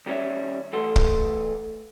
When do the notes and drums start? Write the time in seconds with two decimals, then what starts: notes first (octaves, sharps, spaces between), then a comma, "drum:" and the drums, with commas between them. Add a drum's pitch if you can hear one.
0.06 D#2 G3 C#4 C#5 E5
0.73 E2 A3 A4 F#5 C6
0.96 drum: kick